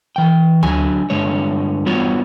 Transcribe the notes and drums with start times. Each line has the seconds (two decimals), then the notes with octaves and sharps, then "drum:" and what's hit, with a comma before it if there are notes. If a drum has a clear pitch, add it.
0.16 E3 G5
0.63 D3 F#3 G#5, drum: tom D2
1.10 G2 D3 G#3 C#5
1.86 G3 B3 F4 F#4 C#5